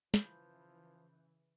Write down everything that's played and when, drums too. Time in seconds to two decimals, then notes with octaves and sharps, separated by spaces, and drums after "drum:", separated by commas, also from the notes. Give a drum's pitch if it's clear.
0.14 C#3 E3 F3 B5 G6, drum: snare